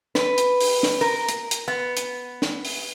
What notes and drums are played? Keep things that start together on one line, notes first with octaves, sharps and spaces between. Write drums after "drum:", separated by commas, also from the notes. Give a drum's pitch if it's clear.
B4, drum: snare
drum: hi-hat
drum: open hi-hat
drum: snare
A#4
drum: hi-hat
drum: hi-hat
B3
drum: hi-hat
drum: snare
drum: open hi-hat